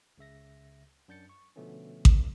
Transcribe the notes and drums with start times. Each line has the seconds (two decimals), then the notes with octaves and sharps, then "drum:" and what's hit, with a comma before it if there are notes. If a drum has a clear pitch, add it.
0.18 C#2 C#3 E5 A#6
1.08 F#2 D4 G6 A6 C#7
1.29 C#6
1.56 B2 D3 F3 A3 B3 C#4
2.05 drum: kick A1